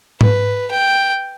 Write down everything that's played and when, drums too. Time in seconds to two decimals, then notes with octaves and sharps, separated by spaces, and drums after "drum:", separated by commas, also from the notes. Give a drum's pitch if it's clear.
0.21 B4, drum: tom G#2
0.71 G5